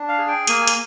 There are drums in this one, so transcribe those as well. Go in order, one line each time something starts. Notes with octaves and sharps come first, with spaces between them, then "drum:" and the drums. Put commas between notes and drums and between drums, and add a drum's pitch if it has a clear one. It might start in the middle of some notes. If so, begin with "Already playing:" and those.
Already playing: D4
F5
G#4
G5
A#3 G#5, drum: hi-hat
drum: hi-hat